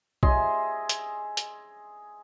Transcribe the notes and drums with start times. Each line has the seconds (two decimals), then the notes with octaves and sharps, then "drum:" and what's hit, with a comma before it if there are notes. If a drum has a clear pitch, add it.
0.23 G#4 D#5 E5 C6, drum: kick B1
0.89 drum: hi-hat
1.37 drum: hi-hat